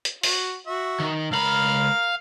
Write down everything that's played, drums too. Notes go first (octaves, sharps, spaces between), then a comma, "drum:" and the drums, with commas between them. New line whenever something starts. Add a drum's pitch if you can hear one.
drum: hi-hat
F#4, drum: open hi-hat
F#4 E5
D#3
C#2 A#4 F5 B5